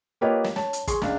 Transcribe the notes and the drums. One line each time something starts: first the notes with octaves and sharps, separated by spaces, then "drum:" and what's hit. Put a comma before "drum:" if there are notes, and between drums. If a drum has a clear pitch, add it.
A#3 F4 G4 B4 C#5 D#5
drum: snare
C#5 A5, drum: snare
drum: hi-hat
G#4 C6 C#6, drum: kick, hi-hat
C#2 D4 F5, drum: snare